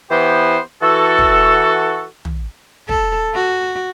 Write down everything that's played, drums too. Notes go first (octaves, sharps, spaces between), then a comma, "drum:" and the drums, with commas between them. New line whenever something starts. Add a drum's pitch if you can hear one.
E3 B3 G4 C5
E3 F#4 A4
drum: kick
drum: tom
A4, drum: kick
F#4